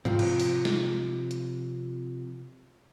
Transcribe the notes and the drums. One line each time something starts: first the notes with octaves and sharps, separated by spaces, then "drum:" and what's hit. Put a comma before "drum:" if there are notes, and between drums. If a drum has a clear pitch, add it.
C3 F3 C4, drum: tom G#2
drum: cymbal
drum: open hi-hat
drum: snare
drum: hi-hat